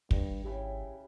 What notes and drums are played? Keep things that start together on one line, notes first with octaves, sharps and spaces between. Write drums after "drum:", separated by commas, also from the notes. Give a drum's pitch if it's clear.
G#1 G2, drum: kick
C#3 E4 G4 G5